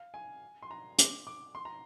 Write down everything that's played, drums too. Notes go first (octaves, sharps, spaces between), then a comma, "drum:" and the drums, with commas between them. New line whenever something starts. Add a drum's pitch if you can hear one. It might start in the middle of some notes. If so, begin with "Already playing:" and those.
Already playing: F5
G#5
C6
A#5
D6, drum: hi-hat
D6
C6
A#5